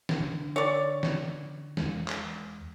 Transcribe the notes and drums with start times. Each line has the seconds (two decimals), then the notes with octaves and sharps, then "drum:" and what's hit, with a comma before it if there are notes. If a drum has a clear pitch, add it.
0.09 drum: snare
0.20 D3
0.56 C#5 D5
1.03 drum: snare
1.77 E2 G#3, drum: snare
2.08 drum: clap